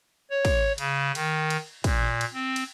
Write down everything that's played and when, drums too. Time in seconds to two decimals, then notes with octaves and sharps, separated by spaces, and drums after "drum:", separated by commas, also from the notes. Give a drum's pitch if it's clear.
0.30 C#5
0.45 drum: kick, cymbal
0.78 C#3, drum: cymbal
1.15 D#3, drum: cymbal
1.50 drum: cymbal
1.84 A#2, drum: kick, cymbal
2.21 drum: cymbal
2.34 C4
2.56 drum: cymbal